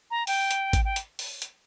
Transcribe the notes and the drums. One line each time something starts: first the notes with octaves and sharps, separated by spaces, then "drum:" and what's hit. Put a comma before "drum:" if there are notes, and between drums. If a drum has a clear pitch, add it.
A#5
G5, drum: open hi-hat
drum: hi-hat
drum: kick G#1, hi-hat
G5
drum: hi-hat
drum: open hi-hat
drum: hi-hat